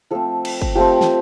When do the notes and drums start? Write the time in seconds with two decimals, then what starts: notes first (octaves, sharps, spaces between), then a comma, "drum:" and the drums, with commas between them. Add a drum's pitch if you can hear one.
0.11 F3 A3 C4 A4
0.45 drum: cymbal
0.61 drum: kick
0.75 F3 A3 C4 G4
1.01 drum: snare